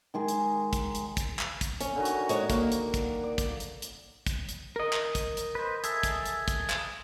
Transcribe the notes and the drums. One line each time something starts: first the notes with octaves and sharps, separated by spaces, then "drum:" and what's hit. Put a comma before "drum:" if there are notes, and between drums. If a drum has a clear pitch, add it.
D#3 G#3 G#4
drum: hi-hat
drum: kick, hi-hat
drum: hi-hat
drum: kick, hi-hat
drum: clap
drum: kick, hi-hat
C#4, drum: hi-hat
D3 D#3 F#4
drum: hi-hat
G#3 C#5, drum: hi-hat
A#3, drum: kick, hi-hat
drum: hi-hat
drum: kick, hi-hat
D5
drum: kick, hi-hat
drum: hi-hat
drum: hi-hat
drum: kick, hi-hat
drum: hi-hat
A#4 D#5
drum: clap
drum: kick, hi-hat
drum: hi-hat
B4 C5
G#4 A4 E5, drum: hi-hat
drum: kick, hi-hat
drum: hi-hat
drum: kick, hi-hat
drum: clap